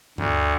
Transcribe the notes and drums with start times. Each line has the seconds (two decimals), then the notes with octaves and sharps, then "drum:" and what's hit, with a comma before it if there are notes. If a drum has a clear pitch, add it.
0.18 D2, drum: tom G2